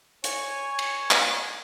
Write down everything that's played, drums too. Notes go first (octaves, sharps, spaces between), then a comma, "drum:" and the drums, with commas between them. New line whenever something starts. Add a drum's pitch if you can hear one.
C#5 G#5, drum: hi-hat
drum: cymbal
drum: clap